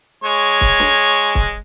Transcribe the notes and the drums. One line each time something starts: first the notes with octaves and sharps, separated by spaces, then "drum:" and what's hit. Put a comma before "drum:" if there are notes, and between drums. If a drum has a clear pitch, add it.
G#3 C#5
drum: kick
drum: snare
drum: kick